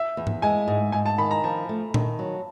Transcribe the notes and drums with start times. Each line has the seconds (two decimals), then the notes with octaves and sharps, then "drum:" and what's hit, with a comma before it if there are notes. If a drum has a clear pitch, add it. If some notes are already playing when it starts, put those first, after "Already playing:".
Already playing: E5
0.17 E2
0.27 drum: tom G#2
0.42 G#3 G#5
0.68 G#2
0.92 G#2 G#5
1.06 A5
1.18 D#3 B5
1.31 A#5
1.44 F3 A5
1.69 A3
1.94 D#3, drum: tom A#2
2.19 F#3